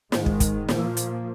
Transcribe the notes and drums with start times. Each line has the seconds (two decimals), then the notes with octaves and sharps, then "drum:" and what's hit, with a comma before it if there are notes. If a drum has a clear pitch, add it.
0.12 G#2 D#3 G#3, drum: snare
0.26 drum: kick
0.40 drum: kick, hi-hat
0.69 A#2 F3 A#3, drum: snare
0.97 drum: hi-hat